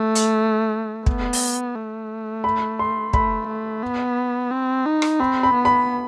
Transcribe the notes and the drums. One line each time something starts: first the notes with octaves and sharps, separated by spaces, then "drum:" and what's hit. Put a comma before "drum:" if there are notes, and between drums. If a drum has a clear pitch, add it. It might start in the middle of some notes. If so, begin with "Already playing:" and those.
Already playing: A3
drum: hi-hat
B3, drum: kick
drum: open hi-hat
A3
B5
C6
A3 B5, drum: kick
A3
B3
C4
D#4
drum: rim click
C4 B5
B5
B3
B5